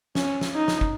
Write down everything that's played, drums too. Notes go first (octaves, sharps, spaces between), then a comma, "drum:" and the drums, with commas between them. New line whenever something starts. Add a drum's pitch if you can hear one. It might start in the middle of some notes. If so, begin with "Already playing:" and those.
C#4, drum: snare
drum: snare
D#4
drum: snare
drum: kick